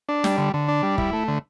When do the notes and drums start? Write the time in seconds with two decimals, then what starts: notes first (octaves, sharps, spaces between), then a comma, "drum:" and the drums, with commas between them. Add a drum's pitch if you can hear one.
0.09 D4
0.24 G3, drum: snare
0.38 D3
0.54 D3
0.68 D4
0.83 G3
0.98 E4, drum: kick
1.13 A3
1.28 D3